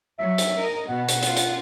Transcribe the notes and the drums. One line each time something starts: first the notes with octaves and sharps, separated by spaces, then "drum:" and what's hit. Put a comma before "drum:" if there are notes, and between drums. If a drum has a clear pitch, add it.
F#3 E5
drum: hi-hat
A#4 D#5
B2 F#5
drum: hi-hat
F4, drum: hi-hat
drum: hi-hat